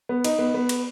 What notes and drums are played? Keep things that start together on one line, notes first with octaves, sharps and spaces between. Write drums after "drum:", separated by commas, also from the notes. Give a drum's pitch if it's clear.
B3
D#4, drum: cymbal
B3
B3
drum: cymbal